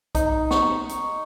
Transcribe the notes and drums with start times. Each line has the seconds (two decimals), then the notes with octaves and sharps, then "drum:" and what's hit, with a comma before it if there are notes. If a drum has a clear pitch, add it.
0.15 D#4, drum: kick B1, hi-hat
0.51 C#6, drum: snare
0.89 drum: hi-hat